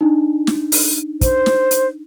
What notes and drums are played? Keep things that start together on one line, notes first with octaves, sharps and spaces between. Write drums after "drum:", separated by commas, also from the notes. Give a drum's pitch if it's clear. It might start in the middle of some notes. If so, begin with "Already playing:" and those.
D4 D#4
drum: snare
drum: open hi-hat
C5, drum: kick, hi-hat
drum: snare
drum: hi-hat